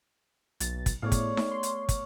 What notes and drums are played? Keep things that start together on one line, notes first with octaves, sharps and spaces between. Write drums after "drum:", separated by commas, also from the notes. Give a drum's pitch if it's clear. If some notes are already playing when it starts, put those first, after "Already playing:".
B1 A6, drum: hi-hat
drum: kick, hi-hat
A2 A3 B3 G#4 C#5 D5 F5
drum: kick, hi-hat
drum: snare D#4
C6
drum: hi-hat
drum: kick, hi-hat